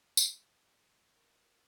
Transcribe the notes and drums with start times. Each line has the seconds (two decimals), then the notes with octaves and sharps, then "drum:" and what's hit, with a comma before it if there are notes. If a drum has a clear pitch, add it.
0.17 G#2 E3 B3, drum: tambourine
1.14 A#4